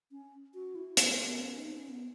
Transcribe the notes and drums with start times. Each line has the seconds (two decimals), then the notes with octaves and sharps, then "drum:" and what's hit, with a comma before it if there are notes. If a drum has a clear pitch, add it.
0.11 C#4
0.54 F#4
0.75 E4
0.97 B3, drum: hi-hat
1.20 B3
1.41 C#4
1.57 D#4
1.74 C#4
1.89 B3